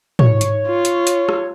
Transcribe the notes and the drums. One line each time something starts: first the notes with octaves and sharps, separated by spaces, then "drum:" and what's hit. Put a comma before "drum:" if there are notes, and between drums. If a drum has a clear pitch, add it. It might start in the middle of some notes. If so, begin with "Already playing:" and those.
C#5, drum: tom
drum: hi-hat
F4
drum: hi-hat
drum: hi-hat
drum: rim click